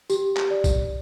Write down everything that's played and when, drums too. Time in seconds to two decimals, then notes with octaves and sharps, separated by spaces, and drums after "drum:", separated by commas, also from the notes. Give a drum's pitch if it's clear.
0.10 G4, drum: tambourine
0.37 drum: clap
0.50 D5
0.64 drum: kick B1, tambourine